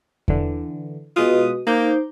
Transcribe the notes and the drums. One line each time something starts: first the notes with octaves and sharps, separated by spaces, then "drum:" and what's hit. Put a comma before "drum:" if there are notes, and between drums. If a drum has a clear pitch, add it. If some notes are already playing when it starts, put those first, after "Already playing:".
D3 E3, drum: kick E2
B2 G#3 F4 F#4 B4 D#5 D#6
A#3 D#4 C5 A#5 D6 G6